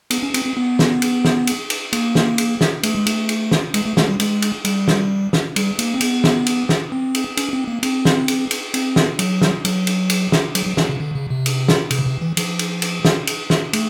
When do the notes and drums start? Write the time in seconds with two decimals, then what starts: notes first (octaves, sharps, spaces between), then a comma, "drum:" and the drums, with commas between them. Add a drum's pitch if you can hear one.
0.11 B3, drum: cymbal
0.23 C#4
0.34 C4, drum: cymbal
0.45 C4
0.57 B3
0.79 drum: snare
1.02 drum: cymbal
1.25 drum: snare
1.47 drum: cymbal
1.70 drum: cymbal
1.93 A#3, drum: cymbal
2.15 drum: snare
2.38 drum: cymbal
2.61 drum: snare
2.83 A3, drum: cymbal
2.95 G#3
3.07 A3, drum: cymbal
3.29 drum: cymbal
3.52 drum: snare
3.74 G#3, drum: cymbal
3.86 A3
3.97 A3, drum: snare
4.09 G3
4.20 G#3, drum: cymbal
4.42 drum: cymbal
4.65 G3, drum: cymbal
4.88 drum: snare
5.33 drum: snare
5.56 G3, drum: cymbal
5.79 A#3, drum: cymbal
5.94 C4
6.01 B3, drum: cymbal
6.24 drum: snare
6.47 drum: cymbal
6.69 drum: snare
6.92 C4
7.15 drum: cymbal
7.37 C#4, drum: cymbal
7.53 C4
7.68 A#3
7.83 C4, drum: cymbal
8.05 drum: snare
8.28 drum: cymbal
8.51 drum: cymbal
8.74 C4, drum: cymbal
8.96 drum: snare
9.19 F#3, drum: cymbal
9.42 drum: snare
9.65 F#3, drum: cymbal
9.87 drum: cymbal
10.10 drum: cymbal
10.32 drum: snare
10.55 F#3, drum: cymbal
10.66 F#3
10.77 F3, drum: snare
10.89 C#3
11.00 D3
11.15 C#3
11.30 C3
11.46 drum: cymbal
11.68 drum: snare
11.91 C3, drum: cymbal
11.99 C#3
12.06 C3
12.21 E3
12.37 F3, drum: cymbal
12.59 drum: cymbal
12.82 drum: cymbal
13.05 drum: snare
13.27 drum: cymbal
13.50 drum: snare
13.73 A3, drum: cymbal